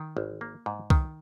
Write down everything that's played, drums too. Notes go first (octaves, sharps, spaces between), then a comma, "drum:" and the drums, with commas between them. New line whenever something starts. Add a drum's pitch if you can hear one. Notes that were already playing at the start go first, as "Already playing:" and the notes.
Already playing: D#3
G#1
A#3
G#2
D#3, drum: kick C2